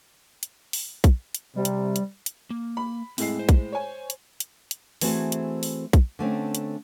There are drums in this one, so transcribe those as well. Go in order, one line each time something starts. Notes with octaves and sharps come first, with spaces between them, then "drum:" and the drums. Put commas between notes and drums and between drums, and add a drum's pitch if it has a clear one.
drum: hi-hat
drum: open hi-hat
drum: kick A#1, hi-hat
drum: hi-hat
C3 G3
drum: hi-hat
drum: hi-hat
drum: hi-hat
A#3
B5
A2 G#3 C4 A4 C7, drum: open hi-hat
C5
drum: kick A#1, hi-hat
C#5 G#5
drum: hi-hat
drum: hi-hat
drum: hi-hat
E3 A3 C4 F#4 G#4 C5, drum: open hi-hat
drum: hi-hat
drum: open hi-hat
drum: kick A#1, hi-hat
D3 A3 C4 C#4
drum: hi-hat